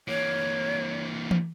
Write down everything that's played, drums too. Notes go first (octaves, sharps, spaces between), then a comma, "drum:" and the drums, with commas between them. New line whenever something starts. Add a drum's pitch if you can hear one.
E3 A#3 C#5
drum: tom E3